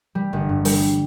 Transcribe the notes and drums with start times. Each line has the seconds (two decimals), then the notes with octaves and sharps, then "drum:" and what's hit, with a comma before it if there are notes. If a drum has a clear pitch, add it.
0.15 G3
0.33 G1
0.49 G2
0.65 G3, drum: open hi-hat